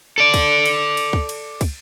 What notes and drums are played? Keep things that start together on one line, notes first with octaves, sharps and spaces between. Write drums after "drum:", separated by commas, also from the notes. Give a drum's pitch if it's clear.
A4 D5
drum: kick, cymbal
drum: cymbal
drum: cymbal
drum: kick
drum: cymbal
drum: kick, cymbal